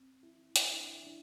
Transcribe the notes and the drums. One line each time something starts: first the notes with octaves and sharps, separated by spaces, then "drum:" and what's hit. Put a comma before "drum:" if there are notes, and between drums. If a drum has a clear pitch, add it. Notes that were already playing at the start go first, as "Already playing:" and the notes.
Already playing: C4
E4
E4, drum: hi-hat
D4
E4
D4